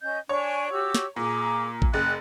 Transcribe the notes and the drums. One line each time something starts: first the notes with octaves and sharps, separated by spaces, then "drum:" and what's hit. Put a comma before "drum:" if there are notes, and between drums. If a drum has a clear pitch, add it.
C#4 D#5 G6
D4 C#5 G#5
F#4 G4 E6
drum: snare
A#2 G#4 A#5 D6
drum: kick A1
F#1 F#6